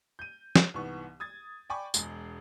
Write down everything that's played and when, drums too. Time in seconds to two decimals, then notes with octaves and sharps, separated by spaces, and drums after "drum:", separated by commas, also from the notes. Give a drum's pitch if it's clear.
0.19 G6 D#7
0.56 drum: snare
0.74 C2 G#2 E3 B3 C#6
1.20 D#6 G#6 A6
1.70 D5 G5 G#5 B5 C#6 D6
1.94 E1 G#3 G#4, drum: tambourine